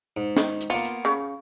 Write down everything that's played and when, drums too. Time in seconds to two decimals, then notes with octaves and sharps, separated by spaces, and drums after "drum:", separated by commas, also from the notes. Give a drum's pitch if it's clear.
0.17 G#2
0.36 D#3, drum: snare
0.61 drum: hi-hat
0.70 A#3 B3 F4
0.85 drum: hi-hat
1.05 C#3